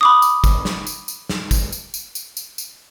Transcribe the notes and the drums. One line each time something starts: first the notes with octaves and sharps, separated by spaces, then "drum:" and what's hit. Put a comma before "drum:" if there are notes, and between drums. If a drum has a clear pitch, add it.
B5 D6 D#6
drum: tambourine
drum: kick, tambourine
drum: snare
drum: tambourine
drum: tambourine
drum: snare
drum: kick, tambourine
drum: tambourine
drum: tambourine
drum: tambourine
drum: tambourine
drum: tambourine